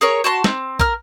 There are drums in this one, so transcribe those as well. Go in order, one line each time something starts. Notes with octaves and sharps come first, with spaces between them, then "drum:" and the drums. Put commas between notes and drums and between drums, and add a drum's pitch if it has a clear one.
G#4 A#4 C#5 C#6
F#4 A5 C6
C4, drum: snare
A#4 F6, drum: kick